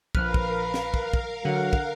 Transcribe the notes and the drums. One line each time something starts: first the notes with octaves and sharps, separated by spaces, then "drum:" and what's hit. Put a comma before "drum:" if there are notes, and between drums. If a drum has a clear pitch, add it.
A#1 F3 A#4 B4 F5 F6, drum: kick
drum: kick
drum: snare
drum: kick
drum: kick
D3 F#3 F#5
drum: kick